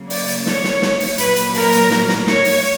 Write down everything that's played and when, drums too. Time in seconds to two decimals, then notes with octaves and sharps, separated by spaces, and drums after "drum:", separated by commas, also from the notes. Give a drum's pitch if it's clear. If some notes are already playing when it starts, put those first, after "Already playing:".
Already playing: C#3 F#3 A#3
0.10 D5, drum: open hi-hat
0.28 drum: hi-hat
0.46 C#5, drum: snare
0.64 drum: snare
0.82 drum: snare
1.00 drum: open hi-hat
1.18 A#2 F#3 A#3 B4, drum: hi-hat
1.36 drum: hi-hat
1.54 A#4, drum: open hi-hat
1.72 drum: hi-hat
1.90 drum: snare
2.09 drum: snare
2.27 C#5, drum: snare
2.45 drum: open hi-hat